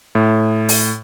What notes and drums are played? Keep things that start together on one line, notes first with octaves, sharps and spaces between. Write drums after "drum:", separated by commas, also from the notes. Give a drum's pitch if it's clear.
A2
drum: open hi-hat